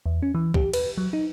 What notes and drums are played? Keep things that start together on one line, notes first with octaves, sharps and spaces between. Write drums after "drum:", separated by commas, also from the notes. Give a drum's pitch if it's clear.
E2
C#4
E3
G4, drum: kick
B4, drum: cymbal
F#3
D#4